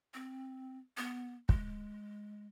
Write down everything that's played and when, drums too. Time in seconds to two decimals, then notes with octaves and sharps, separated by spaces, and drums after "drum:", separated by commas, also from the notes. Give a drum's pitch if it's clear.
0.14 C4
0.97 B3
1.49 G#3, drum: kick